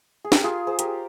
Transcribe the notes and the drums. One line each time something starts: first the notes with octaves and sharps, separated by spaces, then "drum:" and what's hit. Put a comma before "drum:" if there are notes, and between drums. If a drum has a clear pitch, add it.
G#4
G4 A#4, drum: snare
F4 G#4
G#4 C5
G4 A#4, drum: hi-hat